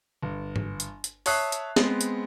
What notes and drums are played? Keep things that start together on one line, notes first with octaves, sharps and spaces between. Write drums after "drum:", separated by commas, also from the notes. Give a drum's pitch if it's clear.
G1
drum: tom G#2
drum: hi-hat
drum: hi-hat
C#5 E5 A5 D#6 F#6 C7, drum: open hi-hat
drum: hi-hat
G#3 B3 C4, drum: snare
drum: hi-hat